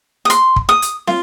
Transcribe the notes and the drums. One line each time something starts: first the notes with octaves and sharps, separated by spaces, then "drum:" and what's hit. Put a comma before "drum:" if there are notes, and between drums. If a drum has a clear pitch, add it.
D#6
C6, drum: hi-hat
drum: kick
D#6
drum: hi-hat
F4, drum: snare